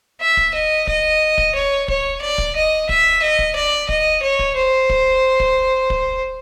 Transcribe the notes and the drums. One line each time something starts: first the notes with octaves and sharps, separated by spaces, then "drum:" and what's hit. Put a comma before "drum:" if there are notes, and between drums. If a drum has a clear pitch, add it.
E5
drum: kick
D#5
D#5, drum: kick
drum: kick
C#5
C#5, drum: kick
D5
drum: kick
D#5
E5, drum: kick
D#5
drum: kick
D5
D#5, drum: kick
C#5
drum: kick
C5
drum: kick
drum: kick
drum: kick